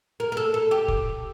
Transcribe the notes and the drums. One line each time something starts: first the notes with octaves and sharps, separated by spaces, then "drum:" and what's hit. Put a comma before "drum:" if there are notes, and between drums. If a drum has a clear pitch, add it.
A#4
A#4
A4
A4
G4
drum: kick F1